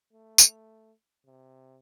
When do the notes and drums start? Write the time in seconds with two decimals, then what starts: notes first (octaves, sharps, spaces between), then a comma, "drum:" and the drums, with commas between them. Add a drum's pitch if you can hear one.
0.13 A3
0.38 drum: tambourine
1.26 C3